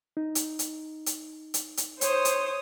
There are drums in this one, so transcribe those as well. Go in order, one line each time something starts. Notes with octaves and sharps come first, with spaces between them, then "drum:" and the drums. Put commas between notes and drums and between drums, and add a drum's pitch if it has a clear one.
D#4
drum: hi-hat
drum: hi-hat
drum: hi-hat
drum: hi-hat
drum: hi-hat
C5 C#5 D#6, drum: hi-hat
drum: hi-hat